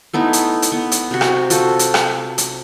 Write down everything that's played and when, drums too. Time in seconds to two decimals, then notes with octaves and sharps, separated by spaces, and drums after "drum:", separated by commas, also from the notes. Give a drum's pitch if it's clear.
0.13 A3 B3 D#4 E4
0.33 drum: hi-hat
0.62 drum: hi-hat
0.72 B3
0.92 drum: hi-hat
1.11 C3 F#4
1.21 drum: rim click
1.50 F4 F#4 A4 C5, drum: hi-hat
1.79 drum: hi-hat
1.94 drum: rim click
2.38 drum: hi-hat